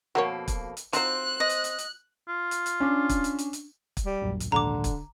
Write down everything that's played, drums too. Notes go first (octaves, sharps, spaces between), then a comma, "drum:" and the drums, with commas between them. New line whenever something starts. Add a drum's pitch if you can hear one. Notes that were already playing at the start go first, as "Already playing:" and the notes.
F2 B2 A#3 F#4 A#4 C#5
drum: kick, hi-hat
drum: hi-hat
F3 F#3 C4 D#4 C5 F#6, drum: hi-hat
D#5
drum: hi-hat
drum: hi-hat
drum: hi-hat
F4
drum: hi-hat
drum: hi-hat
C#4 D4
drum: kick, hi-hat
drum: hi-hat
drum: hi-hat
drum: hi-hat
drum: kick, hi-hat
G3
D1 A#1 F#2
drum: hi-hat
A#1 D#2 G#2 D3 A#5 D6
drum: kick, hi-hat